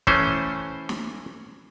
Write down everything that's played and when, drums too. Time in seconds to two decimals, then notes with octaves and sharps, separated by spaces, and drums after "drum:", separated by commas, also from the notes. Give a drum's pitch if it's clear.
0.07 E3 A3 C#4 C5, drum: kick
0.89 drum: snare